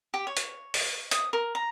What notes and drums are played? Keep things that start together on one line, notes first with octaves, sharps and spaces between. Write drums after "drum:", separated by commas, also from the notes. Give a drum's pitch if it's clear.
G4
C#5
drum: hi-hat
drum: open hi-hat
D#6, drum: hi-hat
A#4
A#5